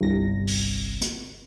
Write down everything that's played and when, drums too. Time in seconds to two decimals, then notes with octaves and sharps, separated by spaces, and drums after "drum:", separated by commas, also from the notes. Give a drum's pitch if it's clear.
0.01 G1 C2 A#6
0.47 drum: open hi-hat
1.01 drum: hi-hat